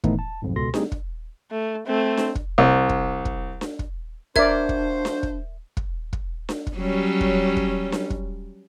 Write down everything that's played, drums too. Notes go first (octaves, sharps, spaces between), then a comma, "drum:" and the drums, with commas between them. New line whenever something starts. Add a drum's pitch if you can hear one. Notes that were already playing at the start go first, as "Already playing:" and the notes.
A2 D#3 E3 A3 B3 D#4, drum: kick
A5
B1 F2 G#2
C#2 B2 A4 C6 A#6
G3 A3 C4 D#4 G4 G#4, drum: snare D4
drum: kick
A3
A3 C4
drum: snare D4
drum: kick
C2
drum: kick
drum: kick
drum: snare D4
drum: kick
F3 D4 F#4 A#4 C5 D5 E5 G#6, drum: kick
drum: kick
drum: snare D4
drum: kick
drum: kick
drum: kick
drum: snare D4
drum: kick
F#3 G3 C#4
drum: kick
drum: kick
drum: snare D4
drum: kick